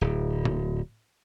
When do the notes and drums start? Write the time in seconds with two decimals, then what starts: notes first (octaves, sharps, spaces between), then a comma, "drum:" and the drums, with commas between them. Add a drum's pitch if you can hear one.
0.01 D1
0.45 drum: tom A2